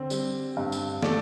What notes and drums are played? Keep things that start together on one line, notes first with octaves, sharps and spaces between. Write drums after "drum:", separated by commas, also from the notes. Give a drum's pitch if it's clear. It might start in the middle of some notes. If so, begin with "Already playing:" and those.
Already playing: D3 C4
G3, drum: tambourine
G2
drum: tambourine
A3 A4 D5, drum: snare